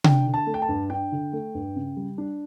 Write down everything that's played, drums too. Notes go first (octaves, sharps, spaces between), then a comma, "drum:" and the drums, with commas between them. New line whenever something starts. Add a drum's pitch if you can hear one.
D4 G5, drum: tom C3
D3
A5
A3
G5
A5
G2
D4 G5
D3
A3
G2
C#3
G3
D4